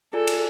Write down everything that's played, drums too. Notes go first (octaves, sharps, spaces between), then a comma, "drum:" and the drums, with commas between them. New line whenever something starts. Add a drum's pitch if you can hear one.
F4 G#4 A4 D5 G#5
drum: cymbal